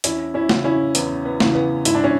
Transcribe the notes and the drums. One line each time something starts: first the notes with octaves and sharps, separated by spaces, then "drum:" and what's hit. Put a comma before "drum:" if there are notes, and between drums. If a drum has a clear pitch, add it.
E2 C#4 E4, drum: hi-hat
C#4 E4
C#3 E3, drum: snare A3
C#4 E4
E2 B3, drum: hi-hat
B3
C#3 E3, drum: snare A3
B3
G#2 E4, drum: hi-hat
D4
C#4